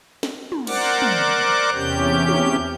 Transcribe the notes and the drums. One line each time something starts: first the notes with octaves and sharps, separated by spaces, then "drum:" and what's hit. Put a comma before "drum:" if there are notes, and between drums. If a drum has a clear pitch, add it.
drum: snare
drum: tom
A#4 C5 D5 F#5 D6, drum: cymbal
drum: tom
E2 C3 C#4 G4 G6
drum: tom